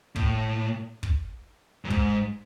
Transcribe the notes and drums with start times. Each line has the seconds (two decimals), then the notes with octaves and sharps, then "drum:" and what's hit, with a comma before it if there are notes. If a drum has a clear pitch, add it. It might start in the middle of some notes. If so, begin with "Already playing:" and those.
0.16 A2, drum: kick
1.03 drum: kick
1.85 F#2
1.90 G#2, drum: kick